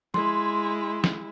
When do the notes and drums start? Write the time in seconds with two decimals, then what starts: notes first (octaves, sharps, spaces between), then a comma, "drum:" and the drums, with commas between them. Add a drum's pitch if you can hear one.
0.14 G#3 E4 C6, drum: tom
1.04 drum: snare